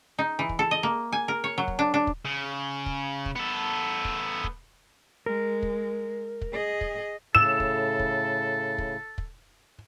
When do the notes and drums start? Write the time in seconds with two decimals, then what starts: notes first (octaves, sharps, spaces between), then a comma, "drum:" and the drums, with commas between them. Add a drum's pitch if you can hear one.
0.19 D#4
0.39 E3
0.49 drum: kick
0.59 A4
0.71 D#5
0.83 A#3
1.13 G#5
1.28 A#4
1.44 C#5
1.58 F#3
1.68 drum: kick
1.79 D4
1.94 D4
2.07 drum: kick
2.25 C#3
2.86 drum: kick
3.26 drum: kick
3.36 B3 A4
4.05 drum: kick
4.44 drum: kick
5.26 G#3 A#4
5.63 drum: kick
6.41 drum: kick
6.53 G#4 D#5
6.81 drum: kick
7.35 A2 C#3 A4 E6 E7
7.60 drum: kick
7.99 drum: kick
8.78 drum: kick
9.18 drum: kick